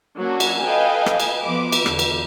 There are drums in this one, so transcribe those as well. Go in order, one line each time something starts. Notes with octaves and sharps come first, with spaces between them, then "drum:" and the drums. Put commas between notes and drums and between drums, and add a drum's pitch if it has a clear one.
F#3 A#3 C#4 D4 F#4
drum: cymbal
A4 B4 D#5 F5 G5 G#5
drum: rim click
drum: cymbal
F3 B3 B4 D6
drum: cymbal
E2 D3, drum: rim click
drum: cymbal